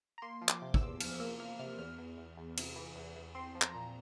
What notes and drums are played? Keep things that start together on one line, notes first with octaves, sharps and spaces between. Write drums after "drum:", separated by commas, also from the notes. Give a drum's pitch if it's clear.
A#5
A#3 C6
F3
D6, drum: clap
C3
E6, drum: kick
E2
F3 F6, drum: cymbal
A#3 E6
A#3 F6
C3 F6
E2 F6
E2
E2
E2
C3, drum: cymbal
E3
E2
E2
C4 C6
F3
A#5, drum: clap
A#2